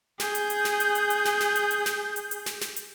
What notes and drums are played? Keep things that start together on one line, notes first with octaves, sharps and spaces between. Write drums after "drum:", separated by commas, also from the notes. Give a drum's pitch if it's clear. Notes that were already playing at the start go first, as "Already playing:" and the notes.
G#4 G6, drum: snare
drum: hi-hat
drum: hi-hat
drum: snare
drum: hi-hat
drum: hi-hat
drum: hi-hat
drum: snare
drum: snare
drum: hi-hat
drum: hi-hat
drum: snare
drum: hi-hat
drum: hi-hat
drum: snare
drum: snare
drum: hi-hat